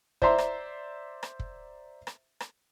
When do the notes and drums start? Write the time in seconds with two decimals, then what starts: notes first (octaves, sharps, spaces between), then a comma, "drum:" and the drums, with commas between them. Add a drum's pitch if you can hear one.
0.22 C5 D5 E5 A#5 C6, drum: kick
0.38 drum: rim click
1.23 drum: rim click
1.39 drum: kick
2.07 drum: rim click
2.40 drum: rim click